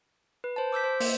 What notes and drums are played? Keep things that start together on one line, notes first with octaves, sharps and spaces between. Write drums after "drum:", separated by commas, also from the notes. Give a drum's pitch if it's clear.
B4
C5 A5
D6 E6 G6 B6
C5
A#3, drum: open hi-hat